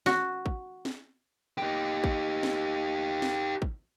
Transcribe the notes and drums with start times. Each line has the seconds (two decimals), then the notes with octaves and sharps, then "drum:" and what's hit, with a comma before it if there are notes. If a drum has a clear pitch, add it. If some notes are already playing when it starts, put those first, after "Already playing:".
0.06 F#4, drum: snare
0.46 drum: kick
0.85 drum: snare
1.58 D#4 G4
2.04 drum: kick
2.43 drum: snare
3.22 drum: snare
3.62 drum: kick